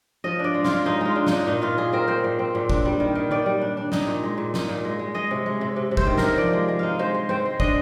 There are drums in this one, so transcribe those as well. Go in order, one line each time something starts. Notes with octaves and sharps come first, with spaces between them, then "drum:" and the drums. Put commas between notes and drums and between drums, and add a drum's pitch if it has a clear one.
F3 D#5
D4
D5
G#3
F4, drum: snare
G#3
G#3 D#4
G#3 F4
D4
D#4, drum: snare
D4
A#2 D#4
A#2 F4
A#2 G#4
C4 A#4
C4 C5
A#2
C4
A#2
D4, drum: kick
G3
D#3
D#3
D#3 D5
G3
D4
D4
D#4, drum: snare
A#2
G#3
A#2
D#4, drum: snare
A#2
G#3
G#3
G#3 D#5
C3
G#3
C3
C3
C3
C5, drum: kick
D#3
C3 A#4, drum: snare
F3 D5
G#3
G#3
D#4 F5
G#3 C5
G#3
C4 C5
G#3
D4 D#5, drum: kick